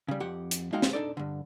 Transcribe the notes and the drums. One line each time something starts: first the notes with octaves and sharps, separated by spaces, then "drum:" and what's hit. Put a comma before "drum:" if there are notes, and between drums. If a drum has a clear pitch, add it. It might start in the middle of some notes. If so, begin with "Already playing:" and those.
C#3 G3
F2 G4 F#5
drum: hi-hat
G#3 A#3 D#4 F#4 F5 G5
drum: snare
D4 D#4 A4 D5
G2 D3